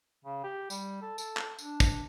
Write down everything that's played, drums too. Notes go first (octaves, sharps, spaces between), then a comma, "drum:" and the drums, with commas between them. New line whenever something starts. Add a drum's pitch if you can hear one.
C#3
G4
G3, drum: tambourine
A4
A4, drum: tambourine
drum: clap
D4, drum: tambourine
drum: kick, tambourine